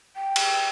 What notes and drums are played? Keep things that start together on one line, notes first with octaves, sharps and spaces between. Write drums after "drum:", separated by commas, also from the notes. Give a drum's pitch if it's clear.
G5
drum: cymbal